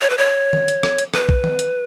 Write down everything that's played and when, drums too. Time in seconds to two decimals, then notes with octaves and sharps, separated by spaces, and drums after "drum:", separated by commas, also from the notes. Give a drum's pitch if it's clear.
0.01 C#5
0.10 B4
0.18 C#5
0.53 drum: tom D#3
0.68 drum: hi-hat
0.83 drum: rim click
0.98 drum: hi-hat
1.14 B4, drum: rim click
1.29 drum: kick
1.44 drum: tom D#3
1.59 drum: hi-hat